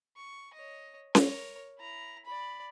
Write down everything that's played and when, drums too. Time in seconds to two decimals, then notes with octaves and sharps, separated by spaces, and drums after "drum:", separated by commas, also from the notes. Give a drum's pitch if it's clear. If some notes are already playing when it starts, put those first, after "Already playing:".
0.17 C#6
0.54 C#5 D#5
1.15 A#4 C#5, drum: snare C#4
1.79 E4 A#5
2.25 D5 B5